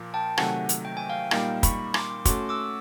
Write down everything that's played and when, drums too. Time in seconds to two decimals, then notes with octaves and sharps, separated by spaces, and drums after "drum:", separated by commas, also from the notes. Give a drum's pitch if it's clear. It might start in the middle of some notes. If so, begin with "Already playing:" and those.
Already playing: A#2 F3 A#3
0.14 G5 A5
0.38 C3 D#3 F#3 A3 F#5 G#5, drum: rim click
0.69 drum: hi-hat
0.85 G5
0.97 G#5
1.10 F5 G5
1.31 A#2 G3 A#3 D#4 F5 G5, drum: rim click
1.63 B5 C#6, drum: kick, hi-hat
1.94 C6 D6, drum: rim click
2.25 A3 C#4 F#4 C6 D6, drum: kick, hi-hat
2.49 D6 E6